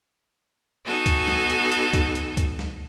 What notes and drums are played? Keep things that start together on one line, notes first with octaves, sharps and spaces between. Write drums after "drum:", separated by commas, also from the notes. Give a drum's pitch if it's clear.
B3 D#4 F#4 A4 G#5
drum: kick C#2, hi-hat
drum: snare
drum: hi-hat
drum: hi-hat
drum: kick C#2, hi-hat
drum: hi-hat
drum: kick C#2, hi-hat
drum: snare